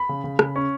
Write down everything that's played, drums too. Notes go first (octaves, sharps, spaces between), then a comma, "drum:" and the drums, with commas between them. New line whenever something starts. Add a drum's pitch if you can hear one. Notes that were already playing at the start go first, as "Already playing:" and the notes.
Already playing: B5
C#3
C#3
C#3, drum: rim click
C#4